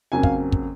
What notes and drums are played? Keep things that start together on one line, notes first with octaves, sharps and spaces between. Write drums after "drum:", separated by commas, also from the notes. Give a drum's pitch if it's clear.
F2 C#3 F#3 A#3 C#4 G#5
F5, drum: kick
drum: kick